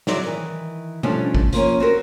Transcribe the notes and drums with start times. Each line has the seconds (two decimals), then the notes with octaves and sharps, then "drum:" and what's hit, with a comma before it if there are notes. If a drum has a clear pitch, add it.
0.07 F#3 C4 E4 D5, drum: snare
0.24 D#3 E3
1.03 F3 G3 A3 C#4 D4, drum: tom B2
1.35 drum: kick G#1
1.53 F3 A#3 C#4, drum: hi-hat
1.80 C4 F#4 A#4